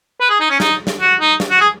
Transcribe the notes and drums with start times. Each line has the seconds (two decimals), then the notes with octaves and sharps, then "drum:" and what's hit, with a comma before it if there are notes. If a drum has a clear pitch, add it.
0.20 B4
0.30 G#4
0.40 D#4
0.50 C#4
0.60 D#4, drum: snare
0.87 drum: snare
1.01 F#4
1.20 D#4
1.40 drum: snare
1.50 F#4
1.60 G#4